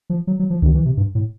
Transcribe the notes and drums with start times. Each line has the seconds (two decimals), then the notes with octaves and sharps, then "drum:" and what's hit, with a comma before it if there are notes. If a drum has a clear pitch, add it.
0.10 F3
0.27 F#3
0.39 F#3
0.50 F3
0.62 D#3, drum: kick C#2
0.74 E3
0.85 C3
0.97 G2
1.15 A2